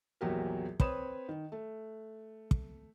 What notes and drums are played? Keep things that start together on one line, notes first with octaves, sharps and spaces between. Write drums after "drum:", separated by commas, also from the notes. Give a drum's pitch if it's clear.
A#1 E2 F#3 G4 A#4
C4 B4 C#5 B5 D#6 E7, drum: kick
D#3
A3
drum: kick